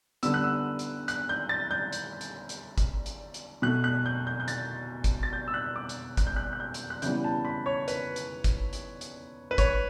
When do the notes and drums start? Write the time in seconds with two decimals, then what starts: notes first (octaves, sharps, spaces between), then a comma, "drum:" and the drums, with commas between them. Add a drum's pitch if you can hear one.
0.23 D3 G3 B3 E6, drum: hi-hat
0.34 F#6
0.44 E6
0.79 drum: hi-hat
1.08 F#6, drum: hi-hat
1.29 G6
1.49 A6
1.71 G6
1.93 drum: hi-hat
2.21 drum: hi-hat
2.49 drum: hi-hat
2.78 drum: kick G1, hi-hat
3.06 drum: hi-hat
3.34 drum: hi-hat
3.62 B2 A3 F#6
3.84 F#6
4.06 G6
4.27 G6
4.40 G6
4.48 A6, drum: hi-hat
5.04 drum: kick G1, hi-hat
5.23 A6
5.33 G6
5.48 E6
5.54 F#6
5.76 D6
5.89 drum: hi-hat
6.17 F#6, drum: kick G1, hi-hat
6.27 G6
6.36 F#6
6.53 F#6
6.60 G6
6.74 drum: hi-hat
6.90 F#6
7.02 C#3 E3 G3 B3 G6, drum: hi-hat
7.24 A5
7.45 B5
7.66 C#5
7.88 B4, drum: hi-hat
8.16 drum: hi-hat
8.44 drum: kick G1, hi-hat
8.73 drum: hi-hat
9.01 drum: hi-hat
9.51 B4
9.58 C#5, drum: kick G1, hi-hat